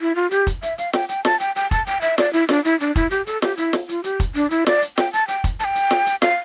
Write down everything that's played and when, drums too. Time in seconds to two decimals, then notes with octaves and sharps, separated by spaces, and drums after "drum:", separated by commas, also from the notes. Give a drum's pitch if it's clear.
0.01 E4
0.15 F4
0.31 G4, drum: hi-hat
0.47 drum: kick, hi-hat
0.63 E5, drum: hi-hat
0.78 F5, drum: hi-hat
0.93 G5, drum: snare
1.09 G5, drum: hi-hat
1.25 A5, drum: snare
1.40 G5, drum: hi-hat
1.56 G5, drum: hi-hat
1.71 A5, drum: kick, hi-hat
1.87 G5, drum: hi-hat
2.02 E5, drum: hi-hat
2.18 D5, drum: snare
2.33 E4, drum: hi-hat
2.49 D4, drum: snare
2.65 E4, drum: hi-hat
2.80 D4, drum: hi-hat
2.96 E4, drum: kick, hi-hat
3.11 G4, drum: hi-hat
3.27 A4, drum: hi-hat
3.42 G4, drum: snare
3.57 E4, drum: hi-hat
3.73 drum: snare
3.89 F4, drum: hi-hat
4.04 G4, drum: hi-hat
4.20 drum: kick, hi-hat
4.35 D4, drum: hi-hat
4.50 E4, drum: hi-hat
4.67 D5, drum: snare
4.82 drum: hi-hat
4.98 G5, drum: snare
5.13 A5, drum: hi-hat
5.28 G5, drum: hi-hat
5.44 drum: kick, hi-hat
5.60 A5, drum: hi-hat
5.64 G5
5.75 drum: hi-hat
5.91 drum: snare
6.06 drum: hi-hat
6.22 F5, drum: snare